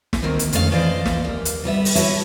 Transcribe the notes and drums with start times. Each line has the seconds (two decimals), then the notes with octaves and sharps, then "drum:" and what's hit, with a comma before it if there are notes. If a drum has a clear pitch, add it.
0.13 drum: snare
0.22 D2 D#3 A#3 C4 D#4
0.39 drum: hi-hat
0.53 F2 D#3 A3 C#4 A4 F5, drum: hi-hat
0.71 F2 E3 C5 D5 D#5 F5
1.06 drum: snare
1.24 D#2 A#3
1.45 drum: hi-hat
1.64 G#2 G3 B3 E5
1.85 drum: open hi-hat
1.95 E4 F#4 B4 C#5 E5 A5, drum: hi-hat